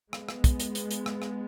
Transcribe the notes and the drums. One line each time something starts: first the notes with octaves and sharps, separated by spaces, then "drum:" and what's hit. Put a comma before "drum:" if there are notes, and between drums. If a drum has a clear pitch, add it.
G#3 B3, drum: rim click
drum: rim click
drum: kick, hi-hat
drum: hi-hat
drum: hi-hat
drum: hi-hat
drum: rim click
drum: rim click